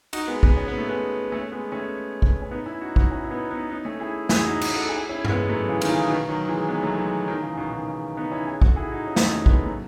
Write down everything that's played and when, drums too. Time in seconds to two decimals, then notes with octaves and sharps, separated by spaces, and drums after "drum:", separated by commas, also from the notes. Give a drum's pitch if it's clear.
0.13 D#4 F#4, drum: cymbal
0.28 G#3 B3
0.43 G#3 B3, drum: kick
0.57 C#4
0.68 B3
0.78 A3
0.89 G#3 B3
1.32 A3 C#4
1.52 G#3 B3
1.72 A3 C#4
2.22 drum: kick
2.42 C#4
2.51 B3 D#4
2.66 C#4 E4
2.81 D#4 F#4
2.96 D#4 F#4, drum: kick
3.11 C#4 E4
3.24 E4
3.31 B3 D#4
3.51 B3 D#4
3.70 B3 D#4
3.85 A3 C#4
4.00 E4 G#4
4.29 E4 G#4, drum: snare
4.45 D#4 F#4
4.61 drum: cymbal
4.74 F#4 A4
4.89 E4 G#4
5.09 C#4 E4
5.25 C#4, drum: tom G2
5.29 G#3 B3
5.49 F#3 A3
5.69 C#3 E3
5.81 D#3, drum: cymbal
5.89 C#3 E3
6.08 B2 D#3
6.29 D#3 F#3
6.48 E3 G#3
6.68 G#3 B3
6.83 F#3 A3
6.98 E3 G#3
7.28 D#3 F#3
7.43 C#3 E3
7.57 B2 D#3
7.72 B2 D#3
7.88 C#3
8.17 B3 D#4
8.31 C#4 E4
8.47 E4 G#4
8.62 F#4 A4, drum: kick
8.76 E4 G#4
8.91 D#4 F#4
9.06 C#4 E4
9.16 D#4, drum: snare
9.26 A3 C#4
9.46 G#3 B3, drum: kick
9.66 F#3 A3